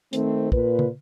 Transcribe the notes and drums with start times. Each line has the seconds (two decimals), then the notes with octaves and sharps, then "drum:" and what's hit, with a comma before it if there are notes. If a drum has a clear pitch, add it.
0.13 D#3 A3 C4, drum: hi-hat
0.52 A#2 B4, drum: kick
0.79 drum: tom